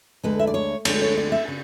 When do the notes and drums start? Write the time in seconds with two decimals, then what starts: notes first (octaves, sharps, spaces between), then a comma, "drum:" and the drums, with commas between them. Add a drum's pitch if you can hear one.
0.23 D2 D3 G#3 B4
0.39 E5
0.47 D5
0.54 C#5
0.85 D2 D3 G#3 C#5, drum: cymbal
1.02 C#5
1.17 D5
1.32 E5
1.48 C#3